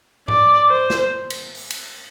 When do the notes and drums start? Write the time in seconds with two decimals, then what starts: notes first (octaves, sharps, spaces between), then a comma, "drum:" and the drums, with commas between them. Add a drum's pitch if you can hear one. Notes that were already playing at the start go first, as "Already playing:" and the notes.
0.28 D5, drum: tom G#2
0.69 C5
0.90 drum: snare
1.30 drum: cymbal
1.55 drum: open hi-hat
1.70 drum: cymbal